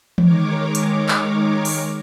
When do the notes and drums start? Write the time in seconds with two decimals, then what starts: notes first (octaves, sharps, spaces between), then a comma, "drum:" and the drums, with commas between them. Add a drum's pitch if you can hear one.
0.18 D#3 G#3 A#4 C#5 D6, drum: tom E3
0.75 drum: hi-hat
1.09 drum: clap
1.65 drum: open hi-hat